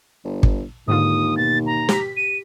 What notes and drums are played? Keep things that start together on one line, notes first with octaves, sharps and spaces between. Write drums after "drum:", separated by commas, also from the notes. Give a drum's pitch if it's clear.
G1
drum: kick
D#2 G#2 D3 F4 D#6
B2 A6
A#5
G4 B6, drum: snare
D#7